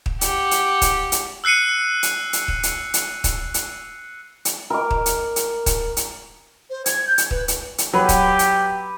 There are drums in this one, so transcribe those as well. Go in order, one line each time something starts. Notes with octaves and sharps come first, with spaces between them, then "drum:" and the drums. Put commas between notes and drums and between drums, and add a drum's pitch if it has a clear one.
drum: kick
G4 F#5, drum: hi-hat
drum: hi-hat
drum: kick, hi-hat
drum: hi-hat
E6 F#6 C7 C#7 D#7
drum: hi-hat
drum: hi-hat
drum: kick
drum: hi-hat
drum: hi-hat
drum: kick, hi-hat
drum: hi-hat
drum: hi-hat
A#4 D6
drum: kick
drum: hi-hat
drum: hi-hat
drum: kick, hi-hat
drum: hi-hat
C5
G#6, drum: hi-hat
G6
drum: hi-hat
B4, drum: kick
drum: hi-hat
drum: hi-hat
F#3 G4 B4
drum: kick, hi-hat
drum: hi-hat